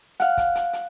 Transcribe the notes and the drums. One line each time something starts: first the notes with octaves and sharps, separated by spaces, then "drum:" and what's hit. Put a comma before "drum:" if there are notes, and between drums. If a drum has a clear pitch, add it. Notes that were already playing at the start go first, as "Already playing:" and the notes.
F5 F#5, drum: hi-hat
drum: kick, hi-hat
drum: hi-hat
drum: hi-hat